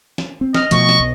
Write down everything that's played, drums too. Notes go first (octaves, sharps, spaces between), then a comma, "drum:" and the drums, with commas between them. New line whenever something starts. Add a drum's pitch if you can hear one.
drum: snare
C4
D#5 F6, drum: snare
B2 F3 A3 C#6, drum: hi-hat
drum: snare
B1